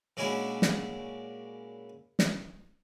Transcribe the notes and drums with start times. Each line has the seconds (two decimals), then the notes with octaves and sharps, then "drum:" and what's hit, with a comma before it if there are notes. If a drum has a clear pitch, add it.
0.17 A#2 G#3 C#4 D4 E4 F#4
0.62 drum: snare
2.19 drum: snare